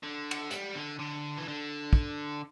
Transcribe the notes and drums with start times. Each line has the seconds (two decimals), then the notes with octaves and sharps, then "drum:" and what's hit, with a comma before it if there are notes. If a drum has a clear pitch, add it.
0.03 D3
0.31 drum: cymbal
0.51 G3, drum: hi-hat
0.75 D3
1.00 D3
1.38 E3
1.48 D3
1.93 drum: kick